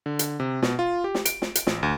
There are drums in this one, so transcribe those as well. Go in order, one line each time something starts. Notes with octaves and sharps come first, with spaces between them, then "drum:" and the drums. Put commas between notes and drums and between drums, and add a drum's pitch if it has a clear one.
D3
drum: hi-hat
C3
B2, drum: snare
F4
G4
drum: snare
D7, drum: hi-hat
drum: snare
drum: hi-hat
A1, drum: snare
D2